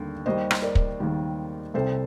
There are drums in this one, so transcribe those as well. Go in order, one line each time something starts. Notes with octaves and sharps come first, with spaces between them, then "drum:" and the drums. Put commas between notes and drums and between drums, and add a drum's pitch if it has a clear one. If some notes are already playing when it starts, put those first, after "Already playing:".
Already playing: D#2 D3 G3
D#2 D#3 G3 C5 D#5
drum: rim click
A#4 D5
drum: kick
D#2 D#3 G3
C2 C3 G3 A4 C5